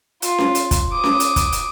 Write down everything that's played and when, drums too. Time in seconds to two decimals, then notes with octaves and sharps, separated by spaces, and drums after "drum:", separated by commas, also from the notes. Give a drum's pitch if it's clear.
0.22 F4, drum: hi-hat
0.38 drum: snare C#4
0.55 drum: hi-hat
0.71 drum: kick, hi-hat
0.92 D6 D#6
1.04 drum: snare C#4
1.20 drum: hi-hat
1.36 drum: kick, hi-hat
1.52 drum: hi-hat